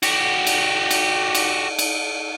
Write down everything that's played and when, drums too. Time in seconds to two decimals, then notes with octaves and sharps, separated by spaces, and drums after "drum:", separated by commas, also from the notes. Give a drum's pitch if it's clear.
0.03 F#4 G4, drum: cymbal
0.47 drum: cymbal
0.91 drum: cymbal
1.35 drum: cymbal
1.79 drum: cymbal